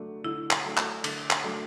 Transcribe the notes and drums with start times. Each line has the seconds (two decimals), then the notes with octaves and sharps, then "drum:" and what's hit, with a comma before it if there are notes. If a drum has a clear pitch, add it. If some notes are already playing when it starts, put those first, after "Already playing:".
Already playing: D3 F#3 A3 D4
0.24 D3 E4
0.51 drum: clap
0.64 F#3 A3 D4
0.77 drum: clap
1.04 D3, drum: cymbal
1.30 drum: clap
1.44 F#3 A3 D4